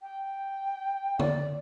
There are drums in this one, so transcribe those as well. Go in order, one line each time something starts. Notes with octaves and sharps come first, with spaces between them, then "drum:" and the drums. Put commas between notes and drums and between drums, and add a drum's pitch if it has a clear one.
G5
D5, drum: tom D3